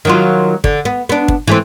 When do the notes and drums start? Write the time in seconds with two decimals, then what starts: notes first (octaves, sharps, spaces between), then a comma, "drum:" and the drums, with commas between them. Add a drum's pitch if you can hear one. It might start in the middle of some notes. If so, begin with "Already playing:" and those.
0.05 D#3 F#3 F4
0.64 D3, drum: kick
0.85 B3
1.09 B3 D4
1.28 drum: kick
1.47 E3 A3 C4